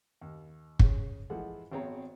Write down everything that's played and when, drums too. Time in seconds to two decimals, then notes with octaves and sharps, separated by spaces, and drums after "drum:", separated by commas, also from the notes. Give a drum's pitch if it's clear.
0.21 D#2
0.79 C#4 G#4, drum: kick
1.30 E3 F3 G#3 A4 F#5
1.72 G#1 B3 C4 G#4 C#5 A#5